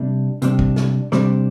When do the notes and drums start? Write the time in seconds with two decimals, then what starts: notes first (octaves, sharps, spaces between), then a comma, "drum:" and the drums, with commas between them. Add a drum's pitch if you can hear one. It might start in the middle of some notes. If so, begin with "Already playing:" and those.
Already playing: C3 G3 D4
0.42 C3 G3 D4, drum: hi-hat
0.59 drum: kick
0.76 drum: snare
1.12 C3 G3 D4, drum: snare